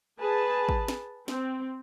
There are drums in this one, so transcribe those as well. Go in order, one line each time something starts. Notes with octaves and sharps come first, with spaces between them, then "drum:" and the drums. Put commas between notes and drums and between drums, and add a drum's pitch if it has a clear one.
G#4 B4 A5
drum: kick
drum: snare
C4, drum: snare